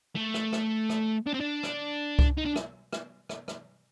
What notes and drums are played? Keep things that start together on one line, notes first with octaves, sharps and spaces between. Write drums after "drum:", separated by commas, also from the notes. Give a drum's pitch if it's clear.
A3
drum: rim click
drum: rim click
drum: rim click
D4
C4
D4
drum: rim click
drum: kick C2
D#4
D4
drum: rim click
drum: rim click
drum: rim click
drum: rim click